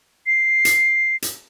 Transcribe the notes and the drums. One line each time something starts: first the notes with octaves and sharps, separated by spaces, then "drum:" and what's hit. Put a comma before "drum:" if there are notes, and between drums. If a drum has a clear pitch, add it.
C7
drum: hi-hat
drum: hi-hat